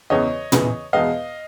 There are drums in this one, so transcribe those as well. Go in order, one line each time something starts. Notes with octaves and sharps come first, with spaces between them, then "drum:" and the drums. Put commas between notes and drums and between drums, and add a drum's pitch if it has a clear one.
E2 C#3 E3 C#5 D#5
E2 C#3 E3, drum: tom
E2 B2 G#3 B3 D#5 F5